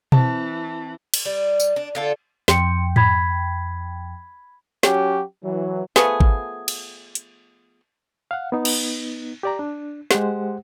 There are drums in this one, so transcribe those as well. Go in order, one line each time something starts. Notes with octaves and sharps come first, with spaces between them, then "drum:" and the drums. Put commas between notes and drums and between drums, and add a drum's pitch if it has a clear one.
E3 C4 A5, drum: tom B2
drum: cymbal
G3
drum: tambourine
D4
D3 F4 A4
F2 G5 C6 C#7, drum: snare
B5 G#6 B6, drum: tom G#2
F#3 C#4 F#4 G4, drum: snare
E3 F#3
F3 A3 B3 G#4, drum: snare
drum: kick G#1
drum: cymbal
drum: hi-hat
F5 F#5
B3 D#4
drum: cymbal
G4 D5 A#5
D4
G#3 G4 C5 F#5, drum: snare